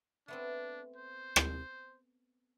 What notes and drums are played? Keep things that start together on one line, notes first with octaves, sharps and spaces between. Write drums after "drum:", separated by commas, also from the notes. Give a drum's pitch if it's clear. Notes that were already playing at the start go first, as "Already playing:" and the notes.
A3 B3 C4 D4
C5
drum: rim click